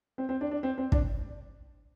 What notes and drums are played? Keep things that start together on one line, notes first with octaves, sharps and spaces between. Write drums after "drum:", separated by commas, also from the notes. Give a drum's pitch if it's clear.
C4
C4
D4
D4
C4
C4
D4, drum: kick